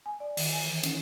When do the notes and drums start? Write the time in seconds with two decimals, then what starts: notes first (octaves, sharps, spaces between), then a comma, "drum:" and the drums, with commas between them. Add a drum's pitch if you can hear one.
0.06 G#5
0.20 D5
0.37 D#3, drum: open hi-hat
0.53 G#5
0.66 E3
0.83 C#4, drum: hi-hat